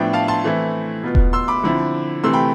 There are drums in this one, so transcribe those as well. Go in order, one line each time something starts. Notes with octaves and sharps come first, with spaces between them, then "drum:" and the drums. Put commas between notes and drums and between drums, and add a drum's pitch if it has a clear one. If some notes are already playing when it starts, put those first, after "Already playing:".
Already playing: A2 F3 B3 D4 E5 G5
F5 A5
A5 C6
E3 A3 C4 E4
B2 B3 F4
drum: kick E1
C6 E6
B5 D6
D3 F3 C4 E4
C3 E3 A3 C4 C6 E6
G5 B5